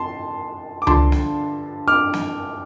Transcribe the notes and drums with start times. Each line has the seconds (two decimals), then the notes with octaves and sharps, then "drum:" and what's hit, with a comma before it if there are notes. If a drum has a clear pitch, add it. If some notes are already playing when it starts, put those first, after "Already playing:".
Already playing: A5 C6
0.82 D6
0.87 G2 D3 F3 A5 C6, drum: tom C#2
1.12 drum: snare
1.88 D6 F6
2.13 drum: snare